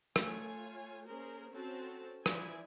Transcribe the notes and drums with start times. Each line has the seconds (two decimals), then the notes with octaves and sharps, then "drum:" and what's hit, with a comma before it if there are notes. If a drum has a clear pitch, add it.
0.16 A3 F4 C#5 G#5, drum: rim click
1.06 A#3 C#4 G#4 A#4 C5
1.51 C4 C#4 F#4 A4 A5
2.26 E3 F3 E4 D5 G#5, drum: rim click